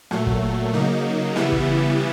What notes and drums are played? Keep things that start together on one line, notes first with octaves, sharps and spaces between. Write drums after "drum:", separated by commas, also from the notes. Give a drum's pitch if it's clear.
A#2 F#3 A3, drum: rim click
drum: kick
C#3 F#3 A#3 D#4
C#3 E3 G3 B3 E4, drum: rim click
drum: kick